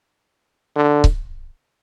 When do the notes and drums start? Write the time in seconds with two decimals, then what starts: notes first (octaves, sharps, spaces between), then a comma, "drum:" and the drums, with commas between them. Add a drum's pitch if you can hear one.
0.76 D3
1.04 drum: kick C#1